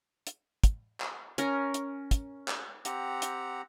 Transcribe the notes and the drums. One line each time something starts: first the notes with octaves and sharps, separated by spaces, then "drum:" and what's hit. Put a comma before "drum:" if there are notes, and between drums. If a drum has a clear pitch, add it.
drum: hi-hat
drum: kick, hi-hat
drum: clap
C#4 A#4, drum: hi-hat
drum: hi-hat
drum: kick, hi-hat
drum: clap
C4 G4 F#5 A#5, drum: hi-hat
drum: hi-hat